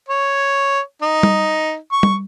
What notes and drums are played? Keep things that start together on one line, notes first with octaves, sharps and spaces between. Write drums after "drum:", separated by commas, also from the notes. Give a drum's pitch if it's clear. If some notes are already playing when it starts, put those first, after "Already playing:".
C#5
D#4
drum: tom G3
C#6
drum: tom G3